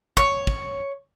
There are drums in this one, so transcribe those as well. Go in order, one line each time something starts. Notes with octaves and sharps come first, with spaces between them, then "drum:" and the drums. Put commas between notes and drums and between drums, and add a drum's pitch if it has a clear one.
C#5, drum: kick
drum: kick